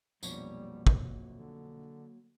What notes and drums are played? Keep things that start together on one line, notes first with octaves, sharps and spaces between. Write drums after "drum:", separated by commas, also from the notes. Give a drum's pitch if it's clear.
A#1 F2 B2 F#3 G3 A#3 C#5, drum: tambourine
drum: kick
D3